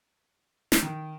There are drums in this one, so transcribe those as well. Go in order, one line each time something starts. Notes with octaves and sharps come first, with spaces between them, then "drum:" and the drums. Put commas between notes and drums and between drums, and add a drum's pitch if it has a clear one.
drum: snare
D#3